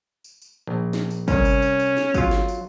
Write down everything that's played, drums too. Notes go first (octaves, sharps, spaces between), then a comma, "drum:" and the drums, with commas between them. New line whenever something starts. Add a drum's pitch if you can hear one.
drum: tambourine
drum: tambourine
A#1
drum: snare
drum: tambourine
C2 C#4, drum: kick, tambourine
drum: tambourine
drum: tambourine
drum: tambourine
drum: snare
F#3 F4, drum: kick, tambourine
drum: snare
drum: tambourine